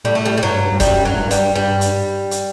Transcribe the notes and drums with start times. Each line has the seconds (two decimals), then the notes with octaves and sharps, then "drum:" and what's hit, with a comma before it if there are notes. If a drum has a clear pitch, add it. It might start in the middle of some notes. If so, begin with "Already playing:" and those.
0.04 A2 G3
0.15 A3
0.26 G3
0.37 G3
0.43 G2 F#3
0.72 G2
0.80 F#2 G3, drum: kick E1, hi-hat
1.05 F#3
1.14 A2
1.18 G2
1.31 G3, drum: hi-hat
1.56 G2 G3
1.81 drum: hi-hat
2.31 drum: hi-hat